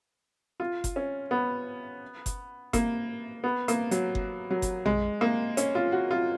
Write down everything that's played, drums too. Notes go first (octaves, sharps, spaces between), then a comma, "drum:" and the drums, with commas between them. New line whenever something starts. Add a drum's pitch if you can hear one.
F4
drum: kick F#1, hi-hat
C#4
B3
drum: kick F#1, hi-hat
A#3, drum: kick F#1, hi-hat
B3
A#3, drum: hi-hat
F#3, drum: hi-hat
drum: kick F#1
F#3
drum: kick F#1, hi-hat
G#3, drum: tom A#1
A#3
C#4, drum: hi-hat
F4
F#4
F4